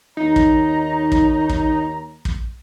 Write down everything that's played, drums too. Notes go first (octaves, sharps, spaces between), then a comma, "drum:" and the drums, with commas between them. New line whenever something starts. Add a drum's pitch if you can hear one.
D#2 D#4 C#5 A#5
drum: kick
drum: kick
drum: kick
drum: kick